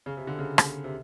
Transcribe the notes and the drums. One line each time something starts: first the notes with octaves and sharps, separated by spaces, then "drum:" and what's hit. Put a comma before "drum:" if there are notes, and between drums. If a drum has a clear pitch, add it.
C#3
C3
D3
C#3
drum: rim click
C3